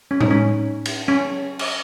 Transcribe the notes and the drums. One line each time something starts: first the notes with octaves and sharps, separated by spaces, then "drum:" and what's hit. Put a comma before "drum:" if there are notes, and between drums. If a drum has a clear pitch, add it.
C#4
D#4, drum: tom A2
C#4
drum: cymbal
C#4
drum: cymbal